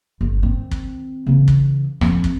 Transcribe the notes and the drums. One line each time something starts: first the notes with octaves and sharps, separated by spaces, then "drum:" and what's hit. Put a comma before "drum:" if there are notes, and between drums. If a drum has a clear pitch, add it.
G1
D#3 C4
drum: kick
C#3 E3
drum: kick
F2, drum: rim click
drum: kick